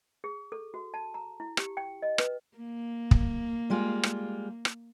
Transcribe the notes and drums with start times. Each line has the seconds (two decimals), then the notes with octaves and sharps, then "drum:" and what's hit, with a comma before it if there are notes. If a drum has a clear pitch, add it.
0.24 G#4
0.52 A4
0.74 F#4
0.94 A5
1.14 A#5
1.40 E4
1.57 G4, drum: rim click
1.77 G5
2.02 D#5
2.18 B4, drum: rim click
2.57 A#3
3.11 drum: kick
3.70 G3 G#3 F4
4.03 drum: rim click
4.65 drum: rim click